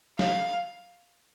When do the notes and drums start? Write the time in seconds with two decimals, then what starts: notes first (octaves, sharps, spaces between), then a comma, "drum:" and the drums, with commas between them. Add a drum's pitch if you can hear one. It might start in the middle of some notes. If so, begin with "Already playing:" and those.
0.19 F5, drum: snare